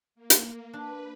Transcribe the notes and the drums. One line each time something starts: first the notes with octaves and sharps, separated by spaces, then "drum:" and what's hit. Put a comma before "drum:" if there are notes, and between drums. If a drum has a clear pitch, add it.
A#3
drum: hi-hat
D4 B4